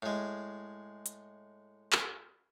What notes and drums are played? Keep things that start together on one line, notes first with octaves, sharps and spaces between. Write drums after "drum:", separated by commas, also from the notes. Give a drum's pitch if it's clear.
A2 G#3
drum: hi-hat
drum: clap